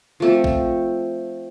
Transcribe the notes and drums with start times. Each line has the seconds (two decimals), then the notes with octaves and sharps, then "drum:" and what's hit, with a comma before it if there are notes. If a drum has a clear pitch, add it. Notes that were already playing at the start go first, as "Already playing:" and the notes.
0.20 F3 A3 C4
0.44 drum: kick A1